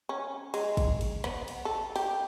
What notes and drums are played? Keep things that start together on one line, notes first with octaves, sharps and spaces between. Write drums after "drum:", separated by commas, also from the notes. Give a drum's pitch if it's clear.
C#4
G#3, drum: cymbal
drum: kick, cymbal
drum: cymbal
B3, drum: snare
drum: cymbal
A4
G4, drum: cymbal